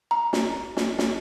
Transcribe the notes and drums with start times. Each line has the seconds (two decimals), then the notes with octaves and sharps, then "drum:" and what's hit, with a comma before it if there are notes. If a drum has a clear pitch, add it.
0.11 A#5
0.33 drum: snare
0.77 drum: snare
0.99 drum: snare